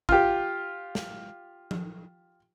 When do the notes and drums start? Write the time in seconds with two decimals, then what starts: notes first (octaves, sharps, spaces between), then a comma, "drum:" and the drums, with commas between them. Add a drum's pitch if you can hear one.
0.09 F4 G4, drum: kick
0.95 drum: snare
1.71 drum: tom F3